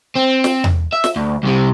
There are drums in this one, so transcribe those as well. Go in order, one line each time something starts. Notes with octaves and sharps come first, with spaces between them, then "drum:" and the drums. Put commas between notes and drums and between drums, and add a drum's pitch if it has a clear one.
C4
drum: snare
drum: tom E2
E5
drum: snare
D2
C2 C3